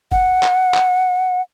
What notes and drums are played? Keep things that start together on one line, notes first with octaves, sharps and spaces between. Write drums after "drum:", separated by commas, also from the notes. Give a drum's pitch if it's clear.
F#5, drum: kick
drum: clap
drum: clap